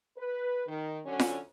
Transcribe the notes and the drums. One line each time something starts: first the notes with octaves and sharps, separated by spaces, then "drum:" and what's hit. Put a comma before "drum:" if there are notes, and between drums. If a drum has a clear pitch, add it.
B4
D#3
D3 F#3 C#4
drum: snare F4